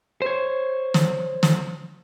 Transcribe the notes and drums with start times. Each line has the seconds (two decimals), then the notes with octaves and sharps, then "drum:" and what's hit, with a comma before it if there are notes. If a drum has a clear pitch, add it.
0.22 C5 C#5
0.94 drum: snare
1.43 drum: snare